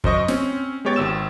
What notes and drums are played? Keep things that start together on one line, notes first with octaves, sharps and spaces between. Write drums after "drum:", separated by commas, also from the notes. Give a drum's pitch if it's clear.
F#2 C5 D#5 C#6, drum: kick
C4 C#4, drum: snare
G#3 B3 G4 C#5 G5 A6
G#1 E6 E7